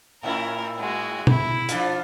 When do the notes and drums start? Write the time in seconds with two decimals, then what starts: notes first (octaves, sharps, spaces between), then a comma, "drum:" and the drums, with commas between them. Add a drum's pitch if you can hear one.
0.23 A2 C#4 E4 A#4
0.79 G#3 F#4
1.27 E4, drum: tom
1.69 F3 D4 F4, drum: hi-hat